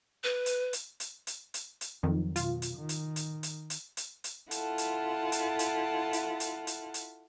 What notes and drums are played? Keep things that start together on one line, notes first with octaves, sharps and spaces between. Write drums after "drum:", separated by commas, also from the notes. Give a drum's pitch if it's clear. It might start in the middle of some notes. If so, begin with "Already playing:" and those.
B4
drum: hi-hat
drum: hi-hat
drum: hi-hat
drum: hi-hat
drum: hi-hat
drum: hi-hat
F2 D#3 F#3
B2 F4, drum: hi-hat
drum: hi-hat
D#3
drum: hi-hat
drum: hi-hat
drum: hi-hat
drum: hi-hat
drum: hi-hat
drum: hi-hat
E4 F4 A4 F#5 A5, drum: hi-hat
drum: hi-hat
drum: hi-hat
drum: hi-hat
drum: hi-hat
drum: hi-hat
drum: hi-hat
drum: hi-hat